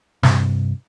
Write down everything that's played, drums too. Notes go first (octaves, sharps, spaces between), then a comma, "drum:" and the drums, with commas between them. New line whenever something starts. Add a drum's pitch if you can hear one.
G2 C3, drum: snare